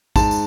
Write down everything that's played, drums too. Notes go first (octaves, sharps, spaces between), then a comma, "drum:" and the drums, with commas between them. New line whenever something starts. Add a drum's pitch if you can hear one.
G#2 A5, drum: kick A1, tambourine
drum: tambourine